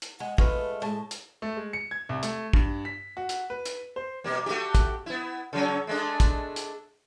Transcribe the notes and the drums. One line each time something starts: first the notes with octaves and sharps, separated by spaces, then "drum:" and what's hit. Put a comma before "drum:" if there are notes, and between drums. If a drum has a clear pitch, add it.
drum: hi-hat
G#3 F#5
G#3 A3 F4 B4, drum: kick
A2 G#3 A5
drum: hi-hat
A3
G#3
C#7
G#6
C2
A3, drum: hi-hat
G2, drum: kick
B6
F#4
drum: hi-hat
B4
drum: hi-hat
C5
B2 G3 A#3
A3 F#4 G4
drum: kick, hi-hat
B3 E4
C#3 F#3 C#4
G#3 A3 D4
drum: kick, hi-hat
drum: hi-hat